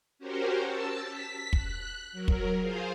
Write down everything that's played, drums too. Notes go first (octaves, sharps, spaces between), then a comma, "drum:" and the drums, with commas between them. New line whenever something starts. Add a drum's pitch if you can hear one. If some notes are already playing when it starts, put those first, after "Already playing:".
C#4 F#4 G4 A#4 C5
A5 E6
B6
F#6, drum: kick
F#3 A#4
drum: kick
F4 G#4 C5 F5